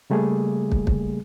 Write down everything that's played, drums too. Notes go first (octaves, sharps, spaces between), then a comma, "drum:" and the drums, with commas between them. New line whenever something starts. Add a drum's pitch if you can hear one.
C#3 G3 A3 A#3 G#4
drum: kick
drum: kick